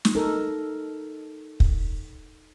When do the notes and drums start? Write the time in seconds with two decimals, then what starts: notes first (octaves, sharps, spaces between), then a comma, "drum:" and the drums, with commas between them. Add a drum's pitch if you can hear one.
0.05 drum: snare
0.15 D#4 A4 A#4
1.60 drum: kick